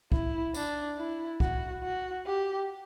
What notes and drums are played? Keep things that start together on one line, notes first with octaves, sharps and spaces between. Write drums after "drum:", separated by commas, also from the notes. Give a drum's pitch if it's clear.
E4, drum: kick
D4, drum: tambourine
E4
F#4, drum: kick
F#4
G4